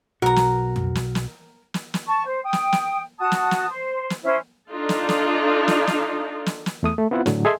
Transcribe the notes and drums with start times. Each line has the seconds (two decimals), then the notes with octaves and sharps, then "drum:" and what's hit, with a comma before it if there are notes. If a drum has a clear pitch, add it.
0.22 B1 F#4 A#4 A#5
0.36 drum: snare
0.76 drum: tom
0.95 drum: snare
1.15 drum: snare
1.74 drum: snare
1.94 drum: snare
2.07 A5 C#6
2.26 C5
2.43 G5 D#6
2.53 drum: snare
2.73 drum: snare
3.18 F#4 A5 D#6
3.32 drum: snare
3.51 drum: snare
3.68 C5
4.10 drum: snare
4.23 C#4 E4 C5
4.69 D4 D#4 F4 A4
4.89 drum: snare
5.09 drum: snare
5.68 drum: snare
5.87 drum: snare
6.46 drum: snare
6.66 drum: snare
6.83 E2 A3 D#6
6.98 A3
7.11 B3 C4 E4 F4 F#5
7.26 A2 D3 F#3, drum: snare
7.45 G#4 A4 D#5 E5 G#5 C6